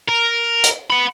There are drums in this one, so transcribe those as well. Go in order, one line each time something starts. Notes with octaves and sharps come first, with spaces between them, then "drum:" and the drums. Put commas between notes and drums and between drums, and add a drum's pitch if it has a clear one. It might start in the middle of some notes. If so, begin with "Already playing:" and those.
A#4
drum: hi-hat
F#5 B5